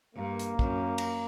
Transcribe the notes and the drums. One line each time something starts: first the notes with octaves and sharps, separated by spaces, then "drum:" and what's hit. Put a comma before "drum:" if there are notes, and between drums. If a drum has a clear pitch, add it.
G2 A#3
drum: hi-hat
F#2, drum: kick
drum: cymbal